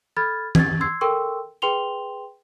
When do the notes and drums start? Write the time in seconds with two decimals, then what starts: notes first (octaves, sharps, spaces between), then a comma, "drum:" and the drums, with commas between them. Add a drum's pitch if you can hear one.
0.17 A4 B5 F6 G#6 A6
0.55 G#6 A6, drum: tom E3
0.81 C6 E6 G#6 C7
1.01 A4 A#4 G5 C6 C#6 E6
1.62 G#4 B4 G5 C6 F7 G7